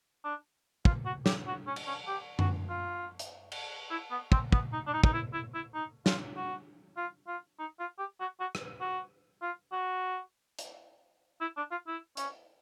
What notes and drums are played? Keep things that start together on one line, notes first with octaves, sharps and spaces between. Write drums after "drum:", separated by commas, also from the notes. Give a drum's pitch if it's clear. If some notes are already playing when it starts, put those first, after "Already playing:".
D4
F4, drum: kick
F#4
G4, drum: snare
F#4
C#4
drum: cymbal
C#4
G4
F#4, drum: tom F#2
F4
drum: hi-hat
drum: cymbal
E4
B3
C4, drum: kick
B3, drum: kick
D#4
D4
D#4
D#4, drum: kick
E4
E4
E4
D#4
F4, drum: snare
F#4
F4
F4
D#4
F4
G4
F#4
F#4
drum: rim click
F#4
F4
F#4
drum: hi-hat
E4
D4
F4
E4
C#4, drum: hi-hat